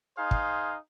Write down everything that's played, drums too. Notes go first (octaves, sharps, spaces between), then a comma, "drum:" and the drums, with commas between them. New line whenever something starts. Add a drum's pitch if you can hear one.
D#4 G#4 C5 F5
drum: kick